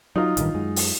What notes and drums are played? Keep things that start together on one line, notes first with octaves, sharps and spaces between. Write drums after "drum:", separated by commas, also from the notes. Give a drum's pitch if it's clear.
F#3 D#4 F4
A1 G2 D#3, drum: hi-hat
F#2 G#3
drum: open hi-hat